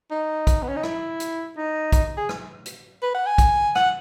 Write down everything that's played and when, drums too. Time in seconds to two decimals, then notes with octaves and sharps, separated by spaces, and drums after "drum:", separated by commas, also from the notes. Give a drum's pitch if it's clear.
0.11 D#4
0.47 drum: kick, hi-hat
0.62 B3
0.69 C#4
0.76 D#4
0.83 E4, drum: rim click
1.20 drum: hi-hat
1.57 D#4
1.92 D#4, drum: kick, hi-hat
2.17 G#4
2.29 drum: rim click
2.66 drum: hi-hat
3.02 B4
3.14 F#5
3.26 G#5
3.38 drum: kick, hi-hat
3.75 F#5, drum: rim click